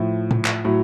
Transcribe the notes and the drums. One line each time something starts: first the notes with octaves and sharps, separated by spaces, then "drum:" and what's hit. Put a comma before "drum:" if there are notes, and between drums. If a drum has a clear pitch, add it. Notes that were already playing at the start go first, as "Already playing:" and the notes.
Already playing: A2 F3
drum: tom
drum: clap
A2 F#3